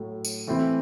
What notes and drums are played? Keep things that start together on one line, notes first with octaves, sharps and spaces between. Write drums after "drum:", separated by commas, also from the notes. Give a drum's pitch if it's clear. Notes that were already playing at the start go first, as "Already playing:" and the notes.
Already playing: A2 F#3 A3
drum: tambourine
E3 A3 C4 E4